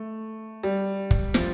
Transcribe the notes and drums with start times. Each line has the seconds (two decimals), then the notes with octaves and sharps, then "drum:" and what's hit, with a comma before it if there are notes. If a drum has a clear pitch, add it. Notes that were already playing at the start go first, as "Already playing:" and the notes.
Already playing: A3
0.63 G3
1.11 drum: kick
1.34 F3, drum: snare